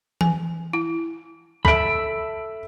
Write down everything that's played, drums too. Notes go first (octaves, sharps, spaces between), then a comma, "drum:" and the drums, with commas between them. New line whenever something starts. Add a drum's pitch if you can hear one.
G#5, drum: tom E3
E4
A4 E5 B5 B6 D7, drum: kick C2